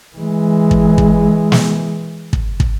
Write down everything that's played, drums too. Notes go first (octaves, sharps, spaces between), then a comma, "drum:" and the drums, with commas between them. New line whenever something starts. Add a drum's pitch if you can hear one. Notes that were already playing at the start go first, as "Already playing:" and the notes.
E3 G#3
drum: kick
drum: kick
drum: snare
drum: kick
drum: kick